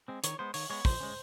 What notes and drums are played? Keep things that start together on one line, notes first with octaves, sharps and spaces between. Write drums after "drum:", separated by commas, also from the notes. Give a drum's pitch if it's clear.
G#3 C4
D#3 C#5, drum: hi-hat
G#3 B3 C5
D#3 C#5, drum: open hi-hat
G#3 B3 C#5
F3 C5, drum: kick, open hi-hat
G#3 C#4